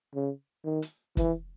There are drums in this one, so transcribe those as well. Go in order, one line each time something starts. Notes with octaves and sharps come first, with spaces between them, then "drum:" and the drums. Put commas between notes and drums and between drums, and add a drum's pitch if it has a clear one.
C#3
D#3
drum: hi-hat
E3, drum: kick, hi-hat